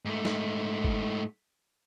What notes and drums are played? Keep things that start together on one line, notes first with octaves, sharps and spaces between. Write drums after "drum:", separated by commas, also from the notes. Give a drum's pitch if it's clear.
G#2 A3
drum: snare
drum: kick F#1